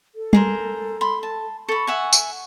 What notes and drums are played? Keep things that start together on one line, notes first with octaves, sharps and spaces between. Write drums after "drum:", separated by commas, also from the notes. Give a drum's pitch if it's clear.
A4
G#4 A#4 C5, drum: tom G3
B5 C6
A5
A4 B5 C#6
E5 F#5 G#5
drum: tambourine